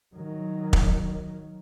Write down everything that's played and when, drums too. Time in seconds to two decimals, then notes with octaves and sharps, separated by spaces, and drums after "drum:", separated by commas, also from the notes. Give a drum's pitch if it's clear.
0.16 D#3 F#3
0.73 drum: kick